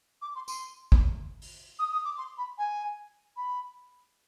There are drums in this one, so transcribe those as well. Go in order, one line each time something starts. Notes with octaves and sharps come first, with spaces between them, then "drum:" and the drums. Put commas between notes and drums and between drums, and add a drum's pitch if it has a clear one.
D6
C6
C6, drum: tambourine
drum: kick
drum: open hi-hat
D#6
D#6
D6
C6
B5
G#5
B5